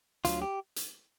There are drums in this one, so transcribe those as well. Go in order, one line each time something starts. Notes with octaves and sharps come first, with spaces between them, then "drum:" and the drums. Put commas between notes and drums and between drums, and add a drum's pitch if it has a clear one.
D2 D3 F#3 F4, drum: hi-hat
G4
drum: hi-hat